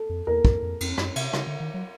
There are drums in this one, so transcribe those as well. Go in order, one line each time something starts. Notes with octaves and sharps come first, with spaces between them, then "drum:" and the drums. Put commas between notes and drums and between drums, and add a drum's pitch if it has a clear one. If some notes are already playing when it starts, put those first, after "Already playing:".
Already playing: A4
F2
E2 A#4
F2, drum: kick
F2
F2, drum: cymbal
F#2, drum: rim click
C3, drum: cymbal
C#3, drum: rim click
D3
D#3
F#3